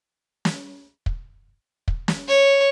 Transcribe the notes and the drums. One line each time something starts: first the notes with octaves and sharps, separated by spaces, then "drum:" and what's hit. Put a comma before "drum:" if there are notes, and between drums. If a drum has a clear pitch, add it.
drum: snare
drum: kick
drum: kick
drum: snare
C#5